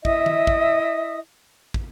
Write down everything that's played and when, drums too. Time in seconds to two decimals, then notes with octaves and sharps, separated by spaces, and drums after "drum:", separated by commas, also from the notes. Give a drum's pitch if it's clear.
0.05 E4 D#5 E5 D#6, drum: kick
0.26 drum: tom D#3
0.47 drum: kick
1.74 drum: kick